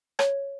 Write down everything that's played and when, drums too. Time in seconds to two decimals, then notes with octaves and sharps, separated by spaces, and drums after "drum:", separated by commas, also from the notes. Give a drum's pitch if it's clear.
0.19 C#5, drum: rim click